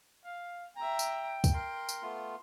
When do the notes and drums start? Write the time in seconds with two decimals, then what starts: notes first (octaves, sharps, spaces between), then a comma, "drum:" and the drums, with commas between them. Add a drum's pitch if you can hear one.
0.24 F5
0.77 E5 G5 A#5
0.99 drum: tambourine
1.44 drum: kick, tambourine
1.54 A#4 C6
1.89 drum: tambourine
2.03 A3 B3 F4